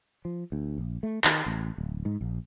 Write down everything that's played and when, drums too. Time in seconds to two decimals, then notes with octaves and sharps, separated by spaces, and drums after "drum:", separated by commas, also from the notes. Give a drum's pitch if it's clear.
0.25 F3
0.52 D2
0.78 A#1
1.03 A3
1.24 D#3, drum: clap
1.46 A1
1.78 D1
2.05 G#2
2.21 A#1